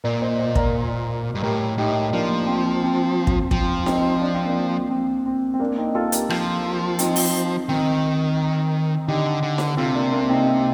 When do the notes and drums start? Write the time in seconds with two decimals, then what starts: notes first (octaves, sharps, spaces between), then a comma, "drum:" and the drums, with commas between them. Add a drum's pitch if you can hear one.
0.04 A#2 A#4 D5
0.21 C5 D#5
0.39 C5 D#5
0.56 A#4 D5, drum: kick
1.35 G2
1.42 A2 G4 A#4
1.78 A2 D#4 G4
2.12 F3 A#3 D4
2.47 C4
2.83 C4
3.27 drum: kick
3.51 F3 C4, drum: kick
3.86 C4 D#4, drum: snare D#4
4.21 D4
4.34 C4
4.46 A#3 D4
4.90 C4
5.26 C4
5.54 C4
5.60 A#3 D4
5.77 C4 D#4
5.95 F4 A4
6.12 G4 A#4, drum: hi-hat
6.30 F3, drum: rim click
6.99 C4 D#4, drum: hi-hat
7.16 drum: open hi-hat
7.69 D#3 C4 D#4
9.08 D3 D#4 G4
9.43 D3
9.58 drum: snare D#4
9.77 C3 F4 A4
9.95 A#3 D4
10.12 A#3 D4
10.29 C4 D#4
10.47 C4